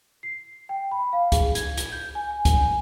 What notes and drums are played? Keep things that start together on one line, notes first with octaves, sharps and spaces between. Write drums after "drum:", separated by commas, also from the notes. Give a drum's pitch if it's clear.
C7
G5
B5
F5
G#4, drum: kick C#2, hi-hat
G#6, drum: hi-hat
drum: hi-hat
G6
G#5
G#5
G#5, drum: kick C#2, hi-hat